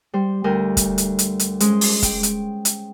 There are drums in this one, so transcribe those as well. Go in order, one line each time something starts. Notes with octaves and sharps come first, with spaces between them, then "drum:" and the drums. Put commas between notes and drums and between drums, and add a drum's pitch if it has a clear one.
G3 C5
D2 G3 A#4 G#5 G6
drum: kick, hi-hat
drum: hi-hat
drum: hi-hat
drum: hi-hat
G#3 C#4 C5, drum: hi-hat
drum: open hi-hat
G5, drum: kick, hi-hat
drum: hi-hat
drum: hi-hat